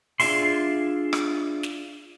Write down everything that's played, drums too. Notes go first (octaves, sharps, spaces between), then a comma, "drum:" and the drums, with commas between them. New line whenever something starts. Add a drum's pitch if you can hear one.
D4 F4 G#4 E5 C6, drum: open hi-hat
drum: rim click
drum: snare